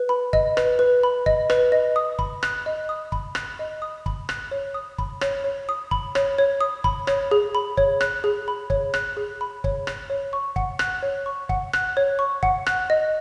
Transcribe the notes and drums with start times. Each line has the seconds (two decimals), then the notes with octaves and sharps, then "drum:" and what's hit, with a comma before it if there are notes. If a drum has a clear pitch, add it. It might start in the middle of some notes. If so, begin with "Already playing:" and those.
Already playing: B4
0.09 B5
0.33 D#5, drum: kick
0.57 B4, drum: rim click
0.79 B4
1.03 B5
1.26 D#5, drum: kick
1.50 B4, drum: rim click
1.72 D#5
1.96 D#6
2.19 B5, drum: kick
2.43 F#6, drum: rim click
2.66 D#5
2.89 D#6
3.12 B5, drum: kick
3.35 F#6, drum: rim click
3.59 D#5
3.82 D#6
4.06 B5, drum: kick
4.29 F#6, drum: rim click
4.51 C#5
4.74 D#6
4.98 B5, drum: kick
5.21 C#5, drum: rim click
5.44 C#5
5.69 D#6
5.91 B5, drum: kick
6.15 C#5, drum: rim click
6.38 C#5
6.61 D#6
6.84 B5, drum: kick
7.07 C#5, drum: rim click
7.31 G#4
7.55 B5
7.77 C#5, drum: kick
8.01 F#6, drum: rim click
8.24 G#4
8.48 B5
8.70 C#5, drum: kick
8.94 F#6, drum: rim click
9.17 G#4
9.41 B5
9.64 C#5, drum: kick
9.87 F#6, drum: rim click
10.10 C#5
10.33 C#6
10.56 F#5, drum: kick
10.79 F#6, drum: rim click
11.02 C#5
11.26 C#6
11.49 F#5, drum: kick
11.73 F#6, drum: rim click
11.97 C#5
12.19 C#6
12.43 F#5, drum: kick
12.67 F#6, drum: rim click
12.90 D#5